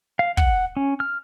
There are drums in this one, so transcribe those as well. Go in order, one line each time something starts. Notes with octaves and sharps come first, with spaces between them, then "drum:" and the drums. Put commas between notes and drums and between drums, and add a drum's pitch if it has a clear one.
F5
F#5, drum: kick
C#4
F6